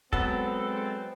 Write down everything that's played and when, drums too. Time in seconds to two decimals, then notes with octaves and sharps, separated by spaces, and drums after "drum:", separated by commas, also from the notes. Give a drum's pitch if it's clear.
0.13 F#3 G#3 B3 C4 A4, drum: kick